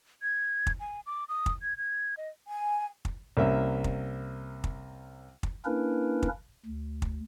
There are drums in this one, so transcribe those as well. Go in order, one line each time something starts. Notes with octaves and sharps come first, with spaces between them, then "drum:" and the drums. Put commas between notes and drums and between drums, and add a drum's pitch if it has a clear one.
G#6
drum: kick
G#5
D6
D#6
drum: kick
G#6
G#6
D#5
G#5
drum: kick
C2 A#3 C#4 E5
drum: kick
drum: kick
drum: kick
A#3 C#4 D4 E4 A#4 B4
drum: kick
D2
drum: kick